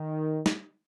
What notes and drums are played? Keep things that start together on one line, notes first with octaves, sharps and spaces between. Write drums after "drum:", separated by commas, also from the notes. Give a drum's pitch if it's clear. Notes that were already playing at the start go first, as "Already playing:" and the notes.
Already playing: D#3
drum: snare